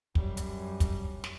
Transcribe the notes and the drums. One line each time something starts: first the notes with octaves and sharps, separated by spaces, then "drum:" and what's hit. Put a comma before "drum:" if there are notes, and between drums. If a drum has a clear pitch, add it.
F#2 G3, drum: kick
drum: hi-hat
drum: kick, hi-hat
drum: snare